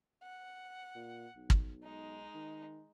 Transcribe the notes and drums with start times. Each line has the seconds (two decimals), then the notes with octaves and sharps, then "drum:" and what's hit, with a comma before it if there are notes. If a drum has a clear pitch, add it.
0.23 F#5
0.95 A#2
1.36 B1
1.50 drum: kick
1.83 G#3 D#4
2.34 D#3